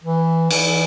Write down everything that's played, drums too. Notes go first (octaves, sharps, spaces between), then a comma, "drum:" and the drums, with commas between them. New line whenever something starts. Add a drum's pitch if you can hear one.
E3
E3, drum: cymbal